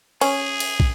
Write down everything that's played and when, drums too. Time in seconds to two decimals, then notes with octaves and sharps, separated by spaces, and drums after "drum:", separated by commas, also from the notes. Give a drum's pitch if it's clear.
0.21 C#4 G#4, drum: cymbal
0.60 drum: cymbal
0.80 drum: kick